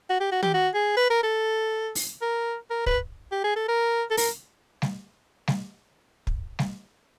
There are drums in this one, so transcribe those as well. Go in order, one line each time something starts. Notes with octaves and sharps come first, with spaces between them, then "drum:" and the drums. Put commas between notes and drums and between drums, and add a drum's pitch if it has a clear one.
F#4
G4
F#4
G4, drum: tom
F#4
G#4
B4
A#4
A4
drum: open hi-hat
A#4
A#4
B4, drum: kick
G4
G#4
A4
A#4
A4
A#4, drum: open hi-hat
drum: snare G3
drum: snare G3
drum: kick
drum: snare G3